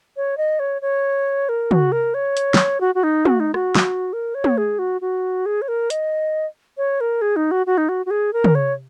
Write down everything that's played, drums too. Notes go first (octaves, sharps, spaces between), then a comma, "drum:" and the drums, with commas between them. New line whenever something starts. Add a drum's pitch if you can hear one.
C#5
D#5
C#5
C#5
A#4
F#4, drum: tom
A#4
C#5
drum: hi-hat
drum: snare
F#4
F#4
D#4
F#4, drum: tom
D#4
F#4, drum: rim click
drum: snare
A#4
C#5
drum: tom
G#4
F#4
F#4
G#4
C#5
A#4
D#5, drum: hi-hat
C#5
A#4
G#4
D#4
F#4
F#4
D#4
F#4
F#4
G#4
A#4
drum: tom
C#5